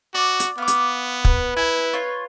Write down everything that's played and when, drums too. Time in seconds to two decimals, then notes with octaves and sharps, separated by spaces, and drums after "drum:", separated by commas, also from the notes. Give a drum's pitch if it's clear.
0.14 F#4 D5
0.40 drum: hi-hat
0.58 B3 F5 D6
0.68 drum: hi-hat
1.25 B4, drum: kick
1.57 E4 G#5
1.93 F4 C#5